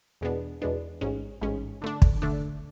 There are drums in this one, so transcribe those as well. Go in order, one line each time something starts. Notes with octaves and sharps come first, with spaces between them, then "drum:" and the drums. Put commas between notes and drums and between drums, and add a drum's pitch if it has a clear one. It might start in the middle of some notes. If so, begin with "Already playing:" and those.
E2 B2 G#3 B3 D4
E2 B2 G#3 B3 D4
A1 G#2 G#3 C#4
A1 G#2 G#3 C#4
D3 A3 D4
drum: kick
D3 A3 D4